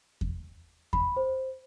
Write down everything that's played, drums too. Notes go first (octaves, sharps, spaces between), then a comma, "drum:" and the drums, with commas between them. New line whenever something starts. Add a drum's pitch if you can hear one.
drum: kick E2
B5, drum: kick E2
C5